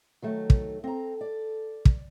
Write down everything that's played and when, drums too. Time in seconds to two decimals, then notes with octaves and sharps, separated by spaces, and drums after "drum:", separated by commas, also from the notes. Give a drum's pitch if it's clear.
0.22 D#3 F#3 A3
0.50 drum: kick
0.84 C4 A4 A#5
1.21 D5
1.85 drum: kick